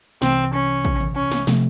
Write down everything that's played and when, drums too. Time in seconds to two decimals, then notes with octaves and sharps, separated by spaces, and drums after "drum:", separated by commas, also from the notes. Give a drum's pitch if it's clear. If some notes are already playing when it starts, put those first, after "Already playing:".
0.22 C2 C3 E3 C4, drum: snare
0.54 C#4
0.85 drum: kick
1.00 drum: tom
1.16 C#4
1.32 drum: snare
1.47 C3 F3 A3, drum: snare